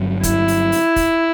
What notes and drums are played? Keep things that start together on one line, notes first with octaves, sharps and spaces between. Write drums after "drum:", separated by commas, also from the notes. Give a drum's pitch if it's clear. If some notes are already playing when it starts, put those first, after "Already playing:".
Already playing: G1 G2 F#3
E4, drum: kick, hi-hat
drum: open hi-hat
drum: open hi-hat
drum: kick, open hi-hat